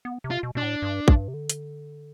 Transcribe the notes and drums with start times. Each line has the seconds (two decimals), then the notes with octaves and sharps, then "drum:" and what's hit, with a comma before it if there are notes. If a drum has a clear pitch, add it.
0.05 B3
0.24 C3
0.30 F4
0.43 B2
0.55 B2 D4
0.62 A2
0.82 G2
1.08 G2, drum: kick
1.28 C3
1.34 D3
1.50 drum: hi-hat